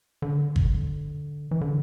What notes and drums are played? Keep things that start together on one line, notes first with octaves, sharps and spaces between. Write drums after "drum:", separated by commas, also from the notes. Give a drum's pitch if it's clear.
D3
drum: kick G1
E3
D3